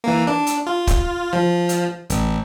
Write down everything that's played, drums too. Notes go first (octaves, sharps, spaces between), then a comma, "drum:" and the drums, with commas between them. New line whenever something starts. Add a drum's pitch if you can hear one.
E3 A#3
D4
drum: hi-hat
F4
drum: kick, hi-hat
F3
drum: hi-hat
A1, drum: hi-hat